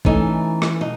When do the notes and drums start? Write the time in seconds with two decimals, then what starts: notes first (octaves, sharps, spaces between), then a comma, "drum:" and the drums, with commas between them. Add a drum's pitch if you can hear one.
0.05 E3 A3 C#4 D#4, drum: kick
0.62 drum: rim click
0.81 B2 D#4